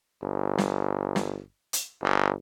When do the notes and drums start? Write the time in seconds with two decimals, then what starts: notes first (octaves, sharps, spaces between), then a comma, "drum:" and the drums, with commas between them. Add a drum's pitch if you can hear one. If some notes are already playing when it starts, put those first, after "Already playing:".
0.23 G1
0.58 drum: snare
1.16 drum: snare
1.73 drum: hi-hat
2.02 G1